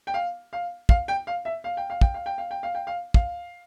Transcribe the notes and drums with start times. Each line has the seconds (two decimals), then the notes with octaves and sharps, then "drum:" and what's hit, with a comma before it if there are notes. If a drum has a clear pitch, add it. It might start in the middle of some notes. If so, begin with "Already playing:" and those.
0.07 G5
0.14 F5
0.53 F5
0.89 F5, drum: kick
1.08 G5
1.27 F5
1.45 E5
1.64 F5
1.77 G5
1.90 F5
2.01 G5, drum: kick
2.14 F5
2.26 G5
2.38 F5
2.51 G5
2.63 F5
2.75 G5
2.87 F5
3.14 F5, drum: kick